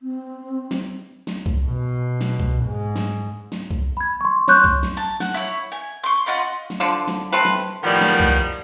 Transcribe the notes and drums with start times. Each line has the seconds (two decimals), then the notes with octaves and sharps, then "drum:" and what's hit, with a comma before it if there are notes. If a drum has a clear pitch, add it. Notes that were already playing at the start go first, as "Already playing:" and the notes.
0.01 C4
0.71 drum: snare
1.27 drum: snare
1.46 drum: kick B1
1.65 B2
2.21 drum: snare
2.40 drum: kick B1
2.65 G#2
2.96 drum: snare
3.52 drum: snare
3.71 drum: kick B1
3.97 B5 G#6
4.21 C6 C#6
4.48 C#5 C6 C#6 F#6 G6, drum: snare
4.64 drum: kick B1
4.83 drum: snare
4.97 A5
5.20 F#5, drum: snare
5.34 E4 C#5
5.72 G#5
6.04 C6 C#6
6.26 F4 D#5 F#5 B5
6.70 drum: snare
6.80 D3 F3 D4
7.08 drum: snare
7.32 A3 C4 B4
7.45 drum: snare
7.83 A2 D#3 F3 G3 B3 D5
8.01 drum: snare
8.20 drum: kick B1